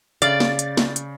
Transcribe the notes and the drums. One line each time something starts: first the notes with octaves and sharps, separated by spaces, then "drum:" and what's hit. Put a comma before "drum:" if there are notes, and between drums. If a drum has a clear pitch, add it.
C#3 D5 F5 A6, drum: hi-hat
drum: snare
drum: hi-hat
drum: snare
drum: hi-hat